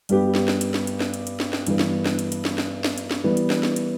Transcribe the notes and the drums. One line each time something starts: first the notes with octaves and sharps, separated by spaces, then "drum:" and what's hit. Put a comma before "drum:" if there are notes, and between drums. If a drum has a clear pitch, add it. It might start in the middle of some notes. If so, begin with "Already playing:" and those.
G2 G3 B3 G4, drum: hi-hat
drum: snare
drum: snare
drum: hi-hat
drum: snare
drum: hi-hat
drum: snare
drum: hi-hat
drum: hi-hat
drum: snare
drum: snare
G2 E3 G3 B3, drum: hi-hat
drum: snare
drum: snare
drum: hi-hat
drum: hi-hat
drum: snare
drum: snare
drum: snare
drum: hi-hat
drum: snare
E3 G3 B3
drum: hi-hat
drum: snare
drum: snare
drum: hi-hat